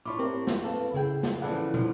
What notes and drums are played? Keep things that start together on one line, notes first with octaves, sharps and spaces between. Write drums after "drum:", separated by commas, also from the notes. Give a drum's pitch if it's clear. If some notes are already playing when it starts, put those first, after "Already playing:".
D4 E4 F4 C#5 C#6 D6
C4 D4 G4 A#4 C#6
drum: snare
A4 B4 F5
C#3 E4 G#4 G5
drum: snare
C#3 E3 F3 A4 D5 F#5
F3, drum: tom